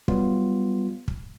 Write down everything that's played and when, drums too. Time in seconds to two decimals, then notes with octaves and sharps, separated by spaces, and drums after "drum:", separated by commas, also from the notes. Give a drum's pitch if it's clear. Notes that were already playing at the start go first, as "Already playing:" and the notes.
0.08 F#3 G3 B3 F4, drum: kick
1.08 drum: kick